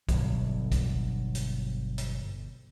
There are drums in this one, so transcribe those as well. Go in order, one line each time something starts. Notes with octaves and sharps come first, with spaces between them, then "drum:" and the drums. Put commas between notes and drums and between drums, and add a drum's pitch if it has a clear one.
G1 B2 F#3, drum: kick B1, hi-hat
drum: kick B1, hi-hat
drum: hi-hat
drum: hi-hat